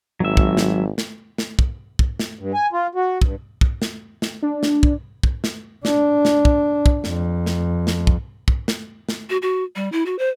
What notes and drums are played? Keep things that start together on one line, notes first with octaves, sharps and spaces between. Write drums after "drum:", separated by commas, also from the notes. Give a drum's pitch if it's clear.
G#1 F#3 E5
drum: kick
drum: snare
drum: snare
drum: snare
drum: kick
drum: kick
drum: snare
G2
G#5
F4
F#4
G2, drum: kick
drum: kick
drum: snare
drum: snare
D4
drum: snare
drum: kick
drum: kick
drum: snare
D4, drum: snare
drum: snare
drum: kick
drum: kick
F2, drum: snare
drum: snare
drum: snare
drum: kick
drum: kick
drum: snare
drum: snare
F#4
F#4
G3
E4
F#4
C5